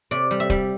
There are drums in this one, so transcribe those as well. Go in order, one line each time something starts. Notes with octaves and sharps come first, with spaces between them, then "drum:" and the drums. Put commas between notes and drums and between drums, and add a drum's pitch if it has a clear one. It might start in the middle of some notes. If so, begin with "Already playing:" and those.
C3 D5
G3
E5
G3, drum: kick